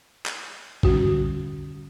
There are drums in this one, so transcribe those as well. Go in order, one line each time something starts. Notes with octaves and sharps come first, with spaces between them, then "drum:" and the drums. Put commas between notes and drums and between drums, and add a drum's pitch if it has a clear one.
drum: clap
D3 G3 C#4 F#4, drum: kick